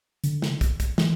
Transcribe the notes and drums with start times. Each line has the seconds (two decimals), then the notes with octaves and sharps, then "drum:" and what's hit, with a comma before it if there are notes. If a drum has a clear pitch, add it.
0.24 D3, drum: hi-hat
0.42 drum: snare
0.61 drum: kick, hi-hat
0.80 drum: kick, hi-hat
0.98 E3, drum: snare